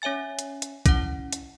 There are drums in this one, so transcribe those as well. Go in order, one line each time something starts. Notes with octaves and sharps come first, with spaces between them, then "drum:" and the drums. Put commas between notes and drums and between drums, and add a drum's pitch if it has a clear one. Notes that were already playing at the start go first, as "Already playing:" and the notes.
C#4 C#5 E5 G#5 A6
drum: hi-hat
drum: hi-hat
C#4 E4 F#5, drum: kick, hi-hat
drum: hi-hat